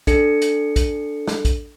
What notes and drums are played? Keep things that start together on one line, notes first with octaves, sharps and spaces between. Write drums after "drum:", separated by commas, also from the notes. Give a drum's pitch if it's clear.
D4 A4 C#7, drum: kick, hi-hat
drum: hi-hat
drum: kick, hi-hat
drum: snare
drum: kick, hi-hat